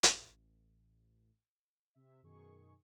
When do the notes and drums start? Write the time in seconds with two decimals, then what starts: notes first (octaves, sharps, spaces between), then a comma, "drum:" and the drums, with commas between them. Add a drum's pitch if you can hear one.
0.03 A1, drum: hi-hat
1.94 C3 E5
2.22 F#2 B2 D#3 G#4 C#6